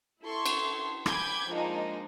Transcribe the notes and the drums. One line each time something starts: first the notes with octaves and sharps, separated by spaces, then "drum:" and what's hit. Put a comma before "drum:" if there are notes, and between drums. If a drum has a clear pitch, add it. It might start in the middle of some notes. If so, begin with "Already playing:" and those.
E4 A4 C6 C#6
drum: cymbal
G#5 B5 D6 G6 G#6, drum: rim click
F3 G#3 A#3 D4 D#4